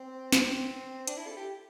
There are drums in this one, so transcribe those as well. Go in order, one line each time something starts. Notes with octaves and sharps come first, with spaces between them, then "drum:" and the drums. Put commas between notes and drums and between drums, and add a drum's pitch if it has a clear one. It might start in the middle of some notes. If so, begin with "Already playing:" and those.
Already playing: C4
C4, drum: snare
D4, drum: hi-hat
E4
A4
G4